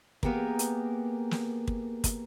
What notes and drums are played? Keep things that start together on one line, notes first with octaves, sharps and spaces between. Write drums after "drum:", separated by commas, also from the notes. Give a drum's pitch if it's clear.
A#3 B3 G4 G#4 A#4, drum: kick
drum: hi-hat
drum: snare
drum: kick
drum: kick, hi-hat